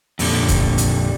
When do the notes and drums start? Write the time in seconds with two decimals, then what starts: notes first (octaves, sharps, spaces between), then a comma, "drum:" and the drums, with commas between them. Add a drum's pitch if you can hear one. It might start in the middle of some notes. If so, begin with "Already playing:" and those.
0.19 F2 A#2 D3 G3, drum: open hi-hat
0.48 drum: kick, hi-hat
0.78 drum: hi-hat